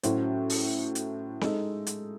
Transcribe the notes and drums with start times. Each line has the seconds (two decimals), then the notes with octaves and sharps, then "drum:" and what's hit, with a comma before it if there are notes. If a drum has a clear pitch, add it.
0.03 A2 F#3 C#4 F#4 C5, drum: hi-hat
0.50 drum: open hi-hat
0.95 drum: hi-hat
1.41 G#3 D#4 A4, drum: snare C4
1.87 drum: hi-hat